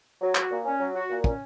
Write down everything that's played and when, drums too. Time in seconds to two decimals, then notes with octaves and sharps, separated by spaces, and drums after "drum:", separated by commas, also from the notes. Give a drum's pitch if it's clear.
0.21 F#3
0.35 F#4, drum: clap
0.51 A#2
0.65 C#4
0.80 F#3
0.95 F#4
1.10 A#2
1.24 C#4, drum: kick